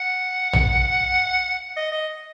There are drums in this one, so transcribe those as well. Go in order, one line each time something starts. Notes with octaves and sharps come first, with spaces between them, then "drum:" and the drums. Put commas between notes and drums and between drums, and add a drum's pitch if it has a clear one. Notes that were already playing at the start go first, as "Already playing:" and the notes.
Already playing: F#5
drum: tom A#1
D#5
D#5